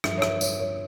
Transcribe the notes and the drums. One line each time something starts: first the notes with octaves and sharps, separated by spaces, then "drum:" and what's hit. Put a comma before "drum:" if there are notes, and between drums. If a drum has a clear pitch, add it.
G2 F3 E5, drum: rim click
C#5
E5, drum: rim click
C#5, drum: tambourine
C#5